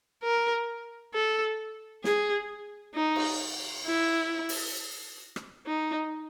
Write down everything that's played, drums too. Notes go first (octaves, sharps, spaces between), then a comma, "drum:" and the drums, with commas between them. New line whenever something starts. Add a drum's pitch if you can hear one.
A#4
A4
G#4, drum: snare
D#4
drum: cymbal
E4
drum: open hi-hat
drum: rim click
D#4